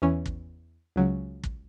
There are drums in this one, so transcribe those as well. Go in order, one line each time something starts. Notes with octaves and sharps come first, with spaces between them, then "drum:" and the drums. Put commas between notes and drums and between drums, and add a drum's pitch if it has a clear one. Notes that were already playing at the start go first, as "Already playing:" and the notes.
E2 E3 C#4
drum: kick
C#2 C#3 F#3
drum: kick